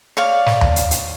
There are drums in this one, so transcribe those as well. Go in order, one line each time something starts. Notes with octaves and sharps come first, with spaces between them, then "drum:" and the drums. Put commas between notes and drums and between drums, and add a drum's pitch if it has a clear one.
C#5 D5 F5
drum: snare
drum: tom D#2
drum: hi-hat
drum: hi-hat